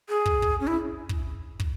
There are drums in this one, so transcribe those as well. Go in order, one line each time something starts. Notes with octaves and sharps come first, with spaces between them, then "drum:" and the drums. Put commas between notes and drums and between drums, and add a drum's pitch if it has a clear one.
G#4
drum: kick
drum: kick
C#4
E4
drum: kick
drum: kick